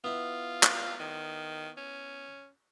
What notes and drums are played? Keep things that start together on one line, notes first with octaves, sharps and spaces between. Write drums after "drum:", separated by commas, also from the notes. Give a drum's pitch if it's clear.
B3 E4 F4
drum: clap
D#3
C#4